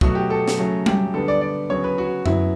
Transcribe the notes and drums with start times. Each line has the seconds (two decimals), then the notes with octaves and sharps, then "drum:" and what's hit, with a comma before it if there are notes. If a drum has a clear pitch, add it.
0.01 B2 F#3 A3 F#4, drum: kick
0.15 G4
0.30 A4
0.48 drum: snare
0.57 C#3 F#3 A3
0.86 G4, drum: tom G3
1.14 D3 G3 B3 A4
1.28 D5
1.41 D5
1.69 C#3 F#3 B3 C#5
1.84 B4
1.98 F#4
2.26 C#3 F#3 B3 E4, drum: tom F#2